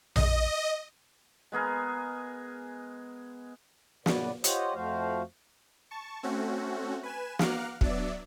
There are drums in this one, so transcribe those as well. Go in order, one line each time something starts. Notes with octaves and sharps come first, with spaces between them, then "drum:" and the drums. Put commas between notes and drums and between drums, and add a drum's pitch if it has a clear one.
D#5, drum: tom A#1
G#3 B3 G#4 A#4
F#2 A#2 C#3 B3 B4 D5, drum: snare
F4 G4 C5 C#5 D#5 F#5, drum: hi-hat
F2 F3 A3 F#4 C5 F5
A5 C#6
A3 C4 C#4 F#4
B4 G#5 E7
F5 F#5 A#5 D6 F6 F#6, drum: snare
F#3 B3 D4 D5 E5, drum: kick